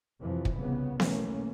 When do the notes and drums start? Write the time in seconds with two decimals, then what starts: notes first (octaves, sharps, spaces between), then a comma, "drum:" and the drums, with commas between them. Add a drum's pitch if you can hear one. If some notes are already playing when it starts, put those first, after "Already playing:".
0.20 F2 C3 E3 F3
0.45 drum: kick
0.56 C2 C#3 B3
1.00 B1 E3 A3 A#3 C#4, drum: snare B3